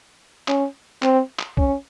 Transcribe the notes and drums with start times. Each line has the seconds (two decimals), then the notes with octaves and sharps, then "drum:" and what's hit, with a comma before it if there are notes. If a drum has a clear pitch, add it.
0.48 C#4, drum: clap
1.02 C4, drum: clap
1.39 drum: clap
1.57 C#4, drum: kick